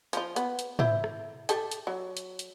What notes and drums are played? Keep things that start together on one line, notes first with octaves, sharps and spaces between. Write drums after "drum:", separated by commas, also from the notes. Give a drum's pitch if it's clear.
F3 F4, drum: hi-hat
B3, drum: hi-hat
drum: hi-hat
E4 C5 E5, drum: tom
drum: rim click
G4 A4 A5, drum: hi-hat
drum: hi-hat
F#3
drum: hi-hat
drum: hi-hat